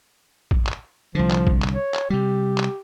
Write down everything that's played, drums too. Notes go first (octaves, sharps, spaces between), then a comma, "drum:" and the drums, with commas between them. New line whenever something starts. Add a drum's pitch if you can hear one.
drum: kick
drum: clap
C2 D3 F3
drum: clap
drum: kick
drum: clap
C#5
drum: clap
C3 G3 G4
drum: clap